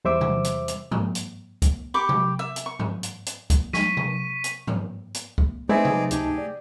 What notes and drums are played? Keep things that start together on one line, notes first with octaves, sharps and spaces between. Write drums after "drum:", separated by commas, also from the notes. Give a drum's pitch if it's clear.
E2 G3 C5 E5 D6 E6
drum: tom C3
drum: hi-hat
drum: hi-hat
drum: tom G2
drum: hi-hat
drum: kick C2, hi-hat
G4 B5 C#6 D6
drum: tom C3
E5
drum: hi-hat
C#6
drum: tom G2
drum: hi-hat
drum: hi-hat
drum: kick C2, hi-hat
C#6 B6 D#7, drum: snare
drum: tom C3
drum: hi-hat
drum: tom G2
drum: hi-hat
drum: kick C2
A3 C4 D#4 E4 G#4 B4 D5 G#5
drum: tom C3
C#2 D#4 G4 G#4 A5, drum: hi-hat
D5